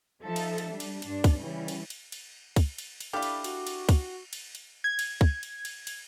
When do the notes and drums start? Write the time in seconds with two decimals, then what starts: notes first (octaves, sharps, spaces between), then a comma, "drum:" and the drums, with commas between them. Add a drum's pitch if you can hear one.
0.21 F3 D#4 A4 E5
0.36 drum: cymbal
0.58 drum: cymbal
0.69 G3 D4
0.80 drum: cymbal
1.02 G2 D4, drum: cymbal
1.24 drum: kick, cymbal
1.38 C#3 E3 G3 C#4
1.68 drum: cymbal
1.90 drum: cymbal
2.12 drum: cymbal
2.56 drum: kick, cymbal
2.78 drum: cymbal
3.00 drum: cymbal
3.13 D4 E4 G4 A4 F5 B5 D6
3.23 drum: cymbal
3.44 F#4, drum: cymbal
3.67 drum: cymbal
3.89 drum: kick, cymbal
4.33 drum: cymbal
4.55 drum: cymbal
4.84 G#6
4.99 drum: cymbal
5.21 drum: kick
5.43 drum: cymbal
5.65 drum: cymbal
5.87 drum: cymbal